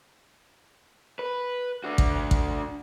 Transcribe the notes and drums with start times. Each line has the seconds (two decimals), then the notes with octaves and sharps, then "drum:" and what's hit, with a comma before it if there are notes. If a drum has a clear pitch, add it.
1.19 B4
1.84 D4 F#4
1.98 drum: kick A1
2.31 drum: kick A1